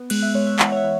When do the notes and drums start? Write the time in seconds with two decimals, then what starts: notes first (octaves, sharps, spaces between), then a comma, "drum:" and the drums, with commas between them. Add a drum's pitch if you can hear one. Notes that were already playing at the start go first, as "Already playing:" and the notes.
Already playing: B3
0.10 G#3 F#6, drum: cymbal
0.23 E5
0.35 G#3 C#5
0.47 E5
0.59 E3 F#5, drum: clap
0.72 C#5
0.76 E5
0.84 E3